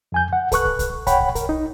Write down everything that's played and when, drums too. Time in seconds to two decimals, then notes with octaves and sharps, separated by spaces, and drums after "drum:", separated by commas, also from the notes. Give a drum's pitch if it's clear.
0.12 F2 G#5 G6
0.33 F#5
0.52 A4 B4 C#6 F#6, drum: kick, hi-hat
0.65 drum: kick
0.79 drum: kick, hi-hat
1.07 C#5 F#5 G5 B5, drum: kick, hi-hat
1.20 drum: kick
1.35 A#4, drum: kick, hi-hat
1.49 D#4